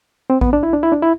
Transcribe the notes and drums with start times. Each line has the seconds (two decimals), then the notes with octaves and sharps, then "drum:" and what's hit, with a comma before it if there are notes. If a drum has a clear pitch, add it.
0.30 C4
0.41 B3, drum: kick A1
0.53 D4
0.63 E4
0.73 D4
0.83 E4
0.92 D4
1.02 E4